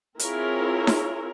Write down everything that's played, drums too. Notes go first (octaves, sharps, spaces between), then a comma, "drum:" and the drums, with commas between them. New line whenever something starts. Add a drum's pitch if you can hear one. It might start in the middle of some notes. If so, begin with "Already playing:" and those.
C4 E4 F4 G#4 A#4 C#5, drum: hi-hat
drum: snare D#4